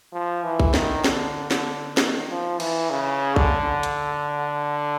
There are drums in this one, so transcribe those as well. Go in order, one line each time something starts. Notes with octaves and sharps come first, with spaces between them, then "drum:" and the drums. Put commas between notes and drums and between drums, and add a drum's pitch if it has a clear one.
F3
E3
drum: kick
D#3, drum: snare
D3, drum: snare
D3, drum: snare
D#3, drum: snare
F3
E3, drum: cymbal
C#3
D3, drum: kick
drum: hi-hat